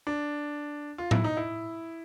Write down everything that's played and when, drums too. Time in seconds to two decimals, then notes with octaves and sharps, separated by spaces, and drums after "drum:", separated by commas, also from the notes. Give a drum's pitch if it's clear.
0.07 D4
0.98 F4
1.11 E4, drum: tom A2
1.24 D#4
1.37 E4